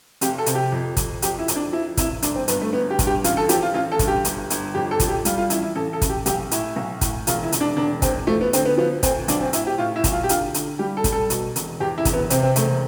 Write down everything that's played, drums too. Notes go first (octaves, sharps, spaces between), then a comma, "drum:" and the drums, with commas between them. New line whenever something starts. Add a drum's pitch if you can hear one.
F1 G4, drum: hi-hat
A4
C3, drum: hi-hat
G4
F2
F2, drum: kick, hi-hat
F2 G4, drum: hi-hat
E4
F2, drum: hi-hat
D4
F3 E4
F1 E4, drum: kick, hi-hat
G1 D4, drum: hi-hat
C4
G2 B3, drum: hi-hat
A3
G1 B3
G4
G2, drum: kick, hi-hat
G4
A1 F4, drum: hi-hat
A4
F3 G4, drum: hi-hat
F4
A1 F4
A4
G2, drum: kick, hi-hat
G4
G1, drum: hi-hat
G1, drum: hi-hat
F2 G4
A4
F2, drum: kick, hi-hat
G4
G3 F4, drum: hi-hat
F4
A1 E4, drum: hi-hat
E4
A1 A4
A4
A1, drum: kick, hi-hat
G4
B1 G4, drum: hi-hat
A2 E4, drum: hi-hat
B1
A2, drum: kick, hi-hat
E1 F4, drum: hi-hat
E4
E1, drum: hi-hat
D4
E1 D4
E2 C4, drum: kick, hi-hat
F3 A3
B3
D3 C4, drum: hi-hat
B3
F3 B3
D2 C4, drum: kick, hi-hat
B1 D4, drum: hi-hat
C4
A2 E4, drum: hi-hat
G4
A2 F4
E4
B1, drum: kick, hi-hat
F4
G4
D3 F4, drum: hi-hat
D3, drum: hi-hat
G3 G4
A4
G3, drum: kick, hi-hat
A4
B2, drum: hi-hat
E1, drum: hi-hat
E2 G4
E4
E1, drum: kick, hi-hat
B3
C3 C4, drum: hi-hat
C4
E1 A3, drum: hi-hat